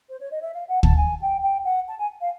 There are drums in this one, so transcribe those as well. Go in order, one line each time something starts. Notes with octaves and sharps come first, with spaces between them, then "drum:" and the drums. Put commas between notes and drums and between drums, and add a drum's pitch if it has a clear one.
C5
C#5
D#5
E5
F5
F#5
A5, drum: kick
G#5
G5
G5
F#5
A5
G#5
F5